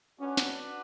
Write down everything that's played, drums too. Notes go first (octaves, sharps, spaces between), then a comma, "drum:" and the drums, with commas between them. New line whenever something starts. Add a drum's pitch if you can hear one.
C#4 D4 F#4 B4 D5 F#5
drum: snare